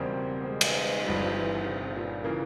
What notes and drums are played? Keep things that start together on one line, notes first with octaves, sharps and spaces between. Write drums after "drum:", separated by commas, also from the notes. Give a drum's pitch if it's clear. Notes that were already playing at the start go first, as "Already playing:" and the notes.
Already playing: E1 E2 C#3 G3 A#3 C4
G#3
drum: cymbal
G1 G2 F3 G3
E3
C3
A#2
C#3 E3 A#3